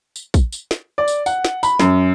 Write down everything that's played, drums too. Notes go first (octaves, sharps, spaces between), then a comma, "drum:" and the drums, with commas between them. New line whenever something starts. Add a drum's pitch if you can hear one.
drum: tambourine
drum: kick, tambourine
drum: tambourine
drum: snare
D5
drum: tambourine
F#5, drum: tambourine
drum: snare
B5, drum: tambourine
F#2, drum: snare